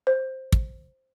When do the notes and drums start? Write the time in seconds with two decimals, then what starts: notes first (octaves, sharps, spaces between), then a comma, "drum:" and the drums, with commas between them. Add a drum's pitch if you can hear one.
0.07 C5
0.52 drum: kick